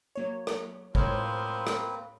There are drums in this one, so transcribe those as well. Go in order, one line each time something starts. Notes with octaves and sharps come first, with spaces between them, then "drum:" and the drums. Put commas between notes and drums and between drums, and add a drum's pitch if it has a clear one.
F#3 A#3 C#5
drum: rim click
A2 F3 G#3 A#3 C4 B4 C#5, drum: kick
drum: rim click